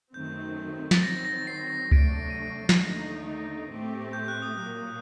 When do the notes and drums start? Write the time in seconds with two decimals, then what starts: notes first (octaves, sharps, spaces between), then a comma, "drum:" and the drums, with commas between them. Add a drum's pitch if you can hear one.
0.14 F#2 D#3 A3 C4 G6
0.91 A6, drum: snare
1.03 D#3 F#3 C4 A#6
1.25 A#6
1.47 C7
1.92 C3 F#3 A3 D4 D7, drum: kick C#2
2.30 D#7
2.36 D7
2.69 drum: snare
2.80 D#2 D3 A3 D#4
3.68 A2 A3 C4 G4
4.13 G6
4.28 F#6
4.42 D#6
4.57 A#2 F#3 A#3 F#6